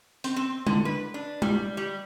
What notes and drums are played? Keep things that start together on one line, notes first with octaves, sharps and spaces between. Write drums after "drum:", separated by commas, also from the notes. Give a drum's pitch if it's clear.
C4, drum: open hi-hat
C4
D3, drum: tom G#3
B4
D4
G3, drum: tom G#3
G3